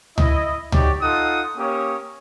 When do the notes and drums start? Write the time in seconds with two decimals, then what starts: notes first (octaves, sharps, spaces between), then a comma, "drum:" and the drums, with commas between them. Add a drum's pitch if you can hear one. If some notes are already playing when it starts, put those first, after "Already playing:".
0.18 E4 D#5, drum: tom C#2
0.72 D#4 F#4 G4 C#5 D5, drum: tom C#2
1.01 D#4 F4 A4 F#5 D#6
1.57 A#3 C#4 G4 C#5 D#6